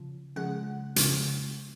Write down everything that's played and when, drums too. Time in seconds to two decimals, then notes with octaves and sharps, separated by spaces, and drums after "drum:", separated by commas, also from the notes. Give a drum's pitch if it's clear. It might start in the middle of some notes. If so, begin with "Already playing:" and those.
Already playing: C#3 F3
0.36 C#3 F3 G#3 F#5
0.96 C#3 F3 G#3, drum: hi-hat